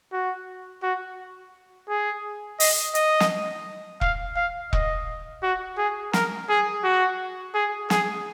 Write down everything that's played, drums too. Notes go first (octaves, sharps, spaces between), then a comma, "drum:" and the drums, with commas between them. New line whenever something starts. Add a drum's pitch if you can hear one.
F#4
F#4
G#4
D#5, drum: open hi-hat
D#5, drum: hi-hat
drum: snare
F5, drum: kick E1
F5
D#5, drum: kick E1
F#4
G#4
A#4, drum: snare
G#4
F#4
G#4
G#4, drum: snare